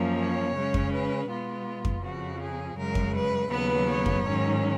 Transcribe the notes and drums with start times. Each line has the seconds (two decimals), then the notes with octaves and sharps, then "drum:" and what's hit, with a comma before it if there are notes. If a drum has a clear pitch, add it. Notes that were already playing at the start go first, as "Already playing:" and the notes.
Already playing: F#2 F3 A#3 C#4
0.18 C#5
0.56 C#3 G#3 C#4
0.74 drum: kick F2
0.92 B4
1.29 B2 G#3 B3 F4
1.85 drum: kick F2
2.03 F2 C#3 F3 F#4
2.40 G#4
2.76 F#2 C#3 G#3 A#4
2.95 drum: kick F2
3.14 B4
3.50 D#2 C#3 F#3 B3 B4
3.88 C#5
4.06 drum: kick F2
4.24 G#2 D#3 F#3 C#4